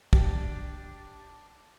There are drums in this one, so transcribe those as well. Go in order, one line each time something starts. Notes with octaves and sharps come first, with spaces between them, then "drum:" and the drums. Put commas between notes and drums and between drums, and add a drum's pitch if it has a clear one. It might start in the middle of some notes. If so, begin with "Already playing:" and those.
D4 G4, drum: kick